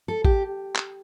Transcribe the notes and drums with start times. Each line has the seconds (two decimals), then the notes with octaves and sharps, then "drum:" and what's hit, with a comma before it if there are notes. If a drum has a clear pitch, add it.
0.08 A4
0.25 G4, drum: kick A1
0.75 drum: clap